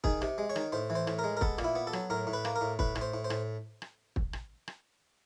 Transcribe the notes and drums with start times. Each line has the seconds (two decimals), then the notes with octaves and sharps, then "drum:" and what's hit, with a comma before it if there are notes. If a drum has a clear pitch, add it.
0.04 D#3 G#4, drum: kick
0.22 C3, drum: rim click
0.38 G#3
0.50 C#5
0.56 D#3, drum: rim click
0.72 A2 C5
0.90 E3
0.95 C5
1.07 A2, drum: rim click
1.19 A#4
1.24 G#3
1.37 A#4
1.41 B3 A4, drum: kick
1.58 A#2, drum: rim click
1.64 E4
1.75 B3
1.87 A4
1.93 F#3, drum: rim click
2.10 A2 A#4
2.27 A2
2.33 B4
2.45 A#3, drum: rim click
2.56 A#4
2.61 A2
2.79 A2 B4, drum: kick
2.95 A2, drum: rim click
3.01 C5
3.14 A2
3.24 C5
3.30 A2, drum: rim click
3.82 drum: rim click
4.16 drum: kick
4.33 drum: rim click
4.68 drum: rim click